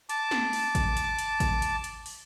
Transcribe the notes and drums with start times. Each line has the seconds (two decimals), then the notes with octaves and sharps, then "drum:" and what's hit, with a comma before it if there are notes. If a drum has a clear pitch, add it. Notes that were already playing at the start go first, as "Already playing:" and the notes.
0.09 A5 D6, drum: hi-hat
0.31 drum: snare
0.53 drum: open hi-hat
0.75 drum: kick G#1, hi-hat
0.97 drum: hi-hat
1.19 drum: hi-hat
1.40 drum: kick G#1, hi-hat
1.62 drum: hi-hat
1.84 drum: hi-hat
2.06 drum: open hi-hat